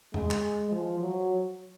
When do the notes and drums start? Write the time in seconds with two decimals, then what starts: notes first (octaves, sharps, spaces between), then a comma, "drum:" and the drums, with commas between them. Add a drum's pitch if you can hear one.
0.14 G#3, drum: tom E2
0.31 drum: clap
0.72 F3
1.01 F#3